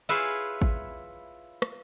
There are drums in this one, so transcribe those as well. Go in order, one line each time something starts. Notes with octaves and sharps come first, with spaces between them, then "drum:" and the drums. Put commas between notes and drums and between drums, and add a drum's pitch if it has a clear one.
E4 F4 G#4 B4 C#5 E5
drum: kick G#1
drum: rim click